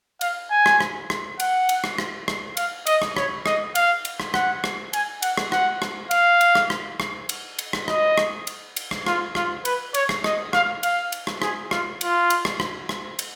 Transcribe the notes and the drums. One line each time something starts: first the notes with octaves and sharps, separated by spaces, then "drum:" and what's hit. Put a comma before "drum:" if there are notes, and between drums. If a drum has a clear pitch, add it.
F5, drum: cymbal
G#5
drum: rim click
drum: rim click
drum: rim click
F#5, drum: cymbal
drum: cymbal
drum: rim click
drum: rim click
drum: rim click
F5, drum: cymbal
D#5, drum: cymbal
drum: rim click
C#5, drum: rim click
D#5, drum: rim click
F5, drum: cymbal
drum: cymbal
drum: rim click
F#5, drum: rim click
drum: rim click
G#5, drum: cymbal
F#5, drum: cymbal
drum: rim click
F#5, drum: rim click
drum: rim click
F5, drum: cymbal
drum: cymbal
drum: rim click
drum: rim click
drum: rim click
drum: cymbal
drum: cymbal
drum: rim click
D#5, drum: rim click
drum: rim click
drum: cymbal
drum: cymbal
drum: rim click
F4, drum: rim click
F4, drum: rim click
B4, drum: cymbal
C#5, drum: cymbal
drum: rim click
D#5, drum: rim click
F5, drum: rim click
F5, drum: cymbal
drum: cymbal
drum: rim click
G#4, drum: rim click
F4, drum: rim click
F4, drum: cymbal
drum: cymbal
drum: rim click
drum: rim click
drum: rim click
drum: cymbal